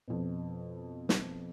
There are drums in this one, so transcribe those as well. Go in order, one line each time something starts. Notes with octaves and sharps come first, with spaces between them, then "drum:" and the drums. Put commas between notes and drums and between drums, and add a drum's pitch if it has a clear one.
F2 B2
drum: snare